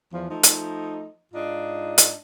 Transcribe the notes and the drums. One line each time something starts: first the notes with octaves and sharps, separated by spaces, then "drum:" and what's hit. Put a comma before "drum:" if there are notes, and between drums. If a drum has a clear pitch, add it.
E2 F3
F3 A3 D#4
drum: hi-hat
G#2 D4 D#4 F4
drum: hi-hat